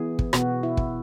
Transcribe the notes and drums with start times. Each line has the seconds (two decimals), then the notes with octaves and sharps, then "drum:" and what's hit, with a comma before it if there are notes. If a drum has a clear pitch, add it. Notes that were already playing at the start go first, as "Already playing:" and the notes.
Already playing: E3 B3 G#4
0.19 drum: kick
0.33 B2 B3 F#4, drum: rim click
0.63 E4
0.77 drum: kick